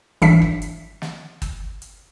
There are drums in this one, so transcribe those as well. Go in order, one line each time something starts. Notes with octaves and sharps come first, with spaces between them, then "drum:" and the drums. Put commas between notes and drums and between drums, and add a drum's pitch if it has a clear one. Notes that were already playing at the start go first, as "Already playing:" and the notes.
G#1 E3 F#3 D4 E5 B6, drum: hi-hat
drum: kick
drum: hi-hat
drum: snare
drum: kick, hi-hat
drum: hi-hat